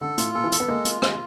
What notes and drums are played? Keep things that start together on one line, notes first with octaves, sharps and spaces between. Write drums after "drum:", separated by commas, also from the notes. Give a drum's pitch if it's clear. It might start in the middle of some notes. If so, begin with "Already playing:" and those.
D3 A4
A2 F4, drum: hi-hat
A#2 A4
E3
A4, drum: hi-hat
B3
G#3 A#3
F4, drum: hi-hat
G#3, drum: rim click